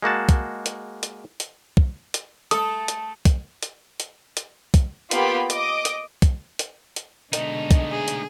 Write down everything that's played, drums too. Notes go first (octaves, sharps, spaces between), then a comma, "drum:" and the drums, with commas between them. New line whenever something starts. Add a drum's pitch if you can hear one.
G#3 A#3 F#4 A5
drum: kick, hi-hat
drum: hi-hat
drum: hi-hat
drum: hi-hat
drum: kick
drum: hi-hat
A3 A4 D#6, drum: hi-hat
drum: hi-hat
drum: kick, hi-hat
drum: hi-hat
drum: hi-hat
drum: hi-hat
drum: kick, hi-hat
A#3 B3 F4 G4 B5, drum: hi-hat
D#5 D6, drum: hi-hat
drum: hi-hat
drum: kick, hi-hat
drum: hi-hat
drum: hi-hat
B2 D3 G#3 A3 D#4 D#5, drum: hi-hat
drum: kick, hi-hat
G#4
drum: hi-hat